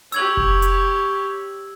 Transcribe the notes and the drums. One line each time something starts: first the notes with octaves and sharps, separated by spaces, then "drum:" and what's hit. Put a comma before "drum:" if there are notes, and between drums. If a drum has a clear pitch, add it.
G4 C#5 E6 G#6 F#7, drum: hi-hat
drum: kick F1
drum: hi-hat